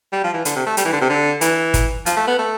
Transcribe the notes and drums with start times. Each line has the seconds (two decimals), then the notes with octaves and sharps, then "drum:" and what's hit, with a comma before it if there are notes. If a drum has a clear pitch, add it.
0.12 G3
0.23 F3
0.34 E3
0.45 D3, drum: hi-hat
0.56 C3
0.66 A3
0.77 G3, drum: hi-hat
0.85 E3
0.93 D3
1.01 C3
1.09 D3
1.41 E3, drum: hi-hat
1.74 drum: kick, hi-hat
2.06 F3, drum: hi-hat
2.17 A3
2.27 B3
2.38 A3